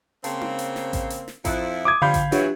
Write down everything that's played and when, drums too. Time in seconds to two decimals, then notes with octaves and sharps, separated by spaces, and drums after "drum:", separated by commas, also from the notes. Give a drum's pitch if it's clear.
0.24 C#3 A#3 C4 A5, drum: hi-hat
0.41 drum: tom D#4
0.59 drum: hi-hat
0.76 drum: snare
0.93 drum: kick A1, hi-hat
1.10 drum: hi-hat
1.28 drum: snare
1.45 F2 F3 E4 A#5 D#6 F#6, drum: kick A1, hi-hat
1.85 D6 D#6 G#6
2.02 D3 F3 G3 F5 B5 G6
2.14 drum: kick A1, hi-hat
2.32 E3 F#3 D4 F4 G4, drum: hi-hat